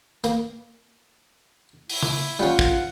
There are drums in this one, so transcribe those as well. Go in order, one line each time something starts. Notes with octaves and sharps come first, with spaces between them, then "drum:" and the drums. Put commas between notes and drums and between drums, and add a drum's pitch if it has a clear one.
A#3, drum: hi-hat
E4, drum: open hi-hat
drum: tom C#3
G3 C#4 F4 F#5
drum: kick